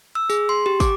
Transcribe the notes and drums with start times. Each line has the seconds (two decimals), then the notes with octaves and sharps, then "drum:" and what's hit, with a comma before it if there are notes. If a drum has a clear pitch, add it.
0.15 E6
0.30 G#4, drum: tambourine
0.49 C6
0.66 G4
0.80 D6, drum: kick, tambourine